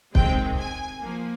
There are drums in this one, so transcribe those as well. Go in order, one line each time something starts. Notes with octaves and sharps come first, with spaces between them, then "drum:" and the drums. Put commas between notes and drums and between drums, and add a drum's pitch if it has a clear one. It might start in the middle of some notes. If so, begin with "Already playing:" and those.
C3 D#3 G#3 C4 G5, drum: kick
G#5
F3 A#3